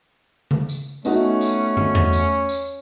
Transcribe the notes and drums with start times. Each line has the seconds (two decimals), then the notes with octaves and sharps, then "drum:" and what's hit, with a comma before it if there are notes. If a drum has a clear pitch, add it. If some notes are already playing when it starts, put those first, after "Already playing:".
0.51 drum: tom C#3
0.69 drum: tambourine
1.05 A3 B3 C#4 D#4 F#4, drum: tambourine
1.41 drum: tambourine
1.77 drum: tom
1.95 drum: tom E2
2.13 drum: tambourine
2.49 drum: tambourine